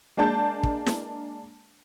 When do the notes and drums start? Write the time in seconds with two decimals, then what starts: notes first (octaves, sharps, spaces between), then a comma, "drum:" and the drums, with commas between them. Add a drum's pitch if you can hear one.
0.17 G#3 A#3 D4 A5 G6
0.63 drum: kick
0.86 drum: snare